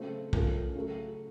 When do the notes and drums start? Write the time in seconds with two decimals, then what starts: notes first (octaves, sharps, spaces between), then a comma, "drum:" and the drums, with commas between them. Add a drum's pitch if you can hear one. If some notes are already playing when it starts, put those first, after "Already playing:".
Already playing: C#3 F#3 A3 C4
0.33 A3 C#4 F4 A#4, drum: kick
0.75 C#3 F#3 A3